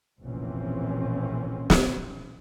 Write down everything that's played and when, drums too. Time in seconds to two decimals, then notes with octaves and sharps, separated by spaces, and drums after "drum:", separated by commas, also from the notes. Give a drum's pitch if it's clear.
0.22 F1 A#1 B2 E3 C4 C#4
1.70 drum: snare